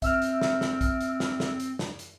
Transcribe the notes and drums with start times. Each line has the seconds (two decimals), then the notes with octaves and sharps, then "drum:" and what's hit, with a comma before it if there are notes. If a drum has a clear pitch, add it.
0.02 C4 E5 E6 F6, drum: kick, hi-hat
0.22 drum: hi-hat
0.41 drum: snare
0.61 drum: snare
0.81 drum: kick, hi-hat
1.01 drum: hi-hat
1.20 drum: snare
1.40 drum: snare
1.60 drum: hi-hat
1.79 drum: snare
1.99 drum: hi-hat